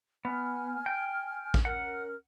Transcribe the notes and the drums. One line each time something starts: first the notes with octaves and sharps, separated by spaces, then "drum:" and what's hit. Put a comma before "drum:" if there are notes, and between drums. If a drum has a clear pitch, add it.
B3 G#5 F6
G5
drum: kick A1
C#4 A#4 F#5 F6